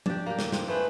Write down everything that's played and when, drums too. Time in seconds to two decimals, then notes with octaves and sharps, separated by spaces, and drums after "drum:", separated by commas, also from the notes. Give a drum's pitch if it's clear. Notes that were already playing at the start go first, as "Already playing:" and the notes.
0.06 D4 G4, drum: tom F3
0.26 A#3 G4
0.39 drum: snare
0.52 C4, drum: snare
0.68 A3 G#4 B4 C5